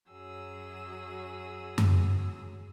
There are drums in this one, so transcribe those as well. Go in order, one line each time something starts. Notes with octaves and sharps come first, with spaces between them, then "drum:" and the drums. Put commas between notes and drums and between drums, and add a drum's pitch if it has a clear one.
F#2 F#3 G#4 E6
drum: tom F#2